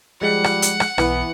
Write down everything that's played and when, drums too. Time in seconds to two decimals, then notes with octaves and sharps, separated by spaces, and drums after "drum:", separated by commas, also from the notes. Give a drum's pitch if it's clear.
0.22 F3 G3 G#3 F#5
0.44 drum: rim click
0.62 drum: hi-hat
0.80 drum: rim click
0.98 B1 E3 B3, drum: rim click